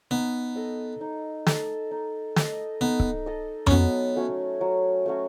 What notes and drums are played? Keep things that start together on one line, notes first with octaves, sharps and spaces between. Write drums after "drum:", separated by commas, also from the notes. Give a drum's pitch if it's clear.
B3 D#4
A4 D#5
D#4
A4 D#5, drum: snare
D#4
A4 D#5, drum: snare
B3 D#4
drum: kick C#1
A4 D#5
C#4, drum: tom F2
F#3 B3
A3 C#4 F#4
F#3
A3 C#4 F#4